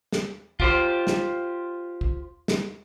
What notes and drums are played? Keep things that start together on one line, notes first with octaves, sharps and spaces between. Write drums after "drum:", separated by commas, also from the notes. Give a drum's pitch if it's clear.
drum: snare
F4 G4 C5, drum: kick
drum: snare
drum: kick
drum: snare